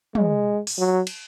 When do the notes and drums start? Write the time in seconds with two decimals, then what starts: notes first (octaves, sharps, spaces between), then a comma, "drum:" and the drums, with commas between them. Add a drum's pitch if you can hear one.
0.15 G#3, drum: tom
0.67 drum: open hi-hat
0.78 F#3
1.07 drum: cymbal